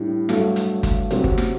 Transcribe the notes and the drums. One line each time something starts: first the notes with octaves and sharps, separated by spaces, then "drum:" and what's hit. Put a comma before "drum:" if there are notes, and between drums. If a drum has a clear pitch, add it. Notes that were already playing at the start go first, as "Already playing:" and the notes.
Already playing: A2 G3 D4
G2 F#3 A3, drum: snare
drum: hi-hat
drum: kick G1, hi-hat
C3 F#3 C4, drum: hi-hat
drum: kick G1
drum: snare